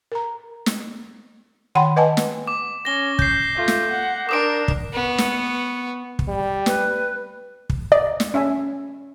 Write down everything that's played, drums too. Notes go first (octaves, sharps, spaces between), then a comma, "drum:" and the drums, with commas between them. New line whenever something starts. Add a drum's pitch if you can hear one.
A#4 A#5
drum: snare
D#3 F#5 G5 B5 C6
B4 D#5 F#5 G#5 A5
drum: snare
D6
C#4 A#6 G7
G6 C7, drum: kick
A3 F4
drum: snare
F#5
D4 A#4 D6 D#6 D7
drum: kick
B3 C#6
drum: snare
drum: kick
G3
B4, drum: snare
drum: kick
D5 D#5
drum: snare
C#4 E5 G#5